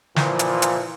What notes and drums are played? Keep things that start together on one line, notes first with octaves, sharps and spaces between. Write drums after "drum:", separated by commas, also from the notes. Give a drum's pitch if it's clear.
A#2 E3 F3, drum: snare
drum: hi-hat
drum: hi-hat